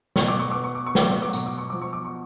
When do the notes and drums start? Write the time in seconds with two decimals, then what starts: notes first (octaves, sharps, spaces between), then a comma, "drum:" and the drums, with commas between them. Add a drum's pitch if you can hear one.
0.16 B2 C#6, drum: snare
0.28 D6
0.39 C#6
0.51 B3 D6
0.64 C#6
0.75 D6
0.86 C#6
0.95 F#3 D6, drum: snare
1.10 C#6
1.22 D6
1.33 B2 C#6, drum: tambourine
1.46 D6
1.58 C#6
1.70 F3 D6
1.82 C#6
1.93 D6
2.05 C#6